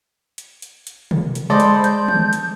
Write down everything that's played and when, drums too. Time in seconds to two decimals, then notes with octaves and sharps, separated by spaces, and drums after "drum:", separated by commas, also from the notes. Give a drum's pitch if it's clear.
0.38 drum: hi-hat
0.62 drum: hi-hat
0.87 drum: hi-hat
1.11 drum: tom
1.35 drum: hi-hat
1.50 G#3 A4 C5 D5 D#5 B5 C6
1.60 drum: hi-hat
1.84 G6, drum: hi-hat
2.08 drum: tom
2.33 drum: hi-hat